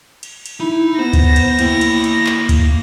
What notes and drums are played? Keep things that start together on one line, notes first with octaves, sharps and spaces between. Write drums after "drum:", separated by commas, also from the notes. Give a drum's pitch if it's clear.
drum: cymbal
drum: cymbal
D#4 E4
B3 C5 A#6
drum: kick, cymbal
drum: cymbal
A#3 E4 G5, drum: cymbal
drum: cymbal
drum: cymbal
drum: clap
drum: kick, cymbal